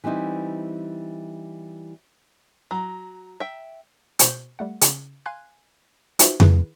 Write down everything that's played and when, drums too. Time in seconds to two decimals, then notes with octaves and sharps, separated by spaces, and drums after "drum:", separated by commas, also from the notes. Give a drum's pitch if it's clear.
0.04 E3 G3 C4 D#4 E4
2.71 F#3 A#5
3.40 E5 G5
4.19 B2 C5 C#6 G6, drum: hi-hat
4.59 G3 A3 F#5
4.81 C#3, drum: hi-hat
5.26 F5 G#5 C6 F#6 G#6
6.19 D#4 F4 F#4 B4 C5 E5, drum: hi-hat
6.40 D#3 E4 G#4 B4, drum: tom F2